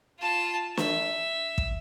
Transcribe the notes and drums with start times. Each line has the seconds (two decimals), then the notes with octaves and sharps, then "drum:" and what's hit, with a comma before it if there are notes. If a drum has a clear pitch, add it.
0.19 F4 A5
0.77 E5, drum: snare
1.58 drum: kick